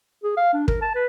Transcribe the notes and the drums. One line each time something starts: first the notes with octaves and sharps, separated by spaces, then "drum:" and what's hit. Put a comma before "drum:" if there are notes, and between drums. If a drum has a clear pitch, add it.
G#4
F5
D4
A#4, drum: kick
A5
B4